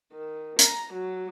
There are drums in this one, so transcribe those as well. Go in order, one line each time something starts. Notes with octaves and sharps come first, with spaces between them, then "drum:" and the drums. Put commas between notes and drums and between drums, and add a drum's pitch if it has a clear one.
D#3
A#5, drum: hi-hat
F#3